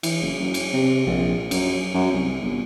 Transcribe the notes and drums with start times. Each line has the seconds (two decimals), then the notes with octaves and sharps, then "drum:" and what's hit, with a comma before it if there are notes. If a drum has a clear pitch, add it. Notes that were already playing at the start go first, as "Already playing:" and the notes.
0.03 E3, drum: cymbal
0.22 F#1
0.39 F#2
0.54 drum: cymbal
0.73 C3
1.06 A#1
1.51 F#2, drum: cymbal
1.94 F#2
2.12 C2
2.42 G1